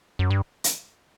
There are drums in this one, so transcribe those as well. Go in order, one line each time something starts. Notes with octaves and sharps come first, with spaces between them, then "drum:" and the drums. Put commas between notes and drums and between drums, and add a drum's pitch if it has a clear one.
F#2
G2
drum: hi-hat